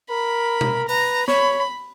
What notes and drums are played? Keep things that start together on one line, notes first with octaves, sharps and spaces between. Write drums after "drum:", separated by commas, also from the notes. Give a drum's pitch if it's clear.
A#4 B5
drum: tom B2
B4 A#5, drum: open hi-hat
C#5 B5, drum: snare